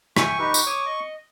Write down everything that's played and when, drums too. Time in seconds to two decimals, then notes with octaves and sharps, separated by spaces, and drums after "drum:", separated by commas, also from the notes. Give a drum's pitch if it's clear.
0.17 E5 G5 G#5 C#6, drum: rim click
0.39 D#4 G4 B4
0.54 drum: tambourine
0.66 C#5 D6 D#6
0.86 D#5